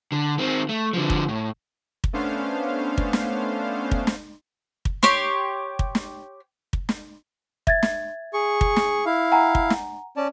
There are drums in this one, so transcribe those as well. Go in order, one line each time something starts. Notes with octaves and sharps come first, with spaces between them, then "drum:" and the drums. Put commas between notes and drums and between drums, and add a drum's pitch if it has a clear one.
D3
D#3 C4
A3
D3 F3
drum: kick
A2
drum: kick
A3 B3 C#4 D4 C5 F5
drum: kick
drum: snare
drum: kick
drum: snare
drum: kick
G4 C#5 C6, drum: snare
drum: kick
drum: snare
drum: kick
drum: snare
E5 G#6 A6, drum: kick
drum: snare
G#4 C#6
drum: kick
drum: snare
E4 F5
F#5 G#5 A#5
drum: kick
drum: snare
C#4 D5 A5